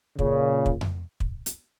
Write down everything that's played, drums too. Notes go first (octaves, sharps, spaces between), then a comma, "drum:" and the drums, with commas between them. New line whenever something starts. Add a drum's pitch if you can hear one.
A#2 C#3, drum: kick
drum: kick
drum: tom F2
drum: kick
drum: hi-hat